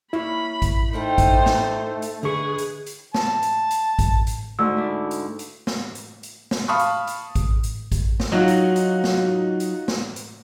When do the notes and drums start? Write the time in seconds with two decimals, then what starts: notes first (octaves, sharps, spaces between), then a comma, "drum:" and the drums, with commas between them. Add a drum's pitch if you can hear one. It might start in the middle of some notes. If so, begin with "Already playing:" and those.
0.13 A3 A#3 C#4 E4 B5
0.62 drum: kick A1, hi-hat
0.93 A3 D#4 A#4 C5 F#5 G5
1.18 drum: kick A1, hi-hat
1.46 drum: snare
2.02 drum: hi-hat
2.23 D3 E3 G#3 B3 G#4 C#6
2.58 drum: hi-hat
2.86 drum: hi-hat
3.14 A5, drum: snare
3.43 drum: hi-hat
3.71 drum: hi-hat
3.99 drum: kick A1, hi-hat
4.27 drum: hi-hat
4.59 D2 G#2 E6
4.76 D4 E4
5.11 drum: hi-hat
5.39 drum: hi-hat
5.67 drum: snare
5.95 drum: hi-hat
6.23 drum: hi-hat
6.51 drum: snare
6.68 F5 A5 B5 C#6 D#6
6.79 drum: hi-hat
7.07 drum: hi-hat
7.35 drum: kick A1, hi-hat
7.64 drum: hi-hat
7.92 drum: kick A1, hi-hat
8.20 drum: snare
8.32 F#3 D#4 F4 F#4
8.48 drum: hi-hat
8.76 drum: hi-hat
9.04 drum: snare
9.60 drum: hi-hat
9.88 drum: snare
10.16 drum: hi-hat